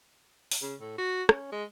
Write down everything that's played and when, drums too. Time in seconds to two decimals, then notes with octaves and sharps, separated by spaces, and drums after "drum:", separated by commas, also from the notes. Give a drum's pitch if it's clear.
0.51 drum: open hi-hat
0.62 C#3
0.80 A2
0.98 F#4
1.29 C#4, drum: rim click
1.52 G#3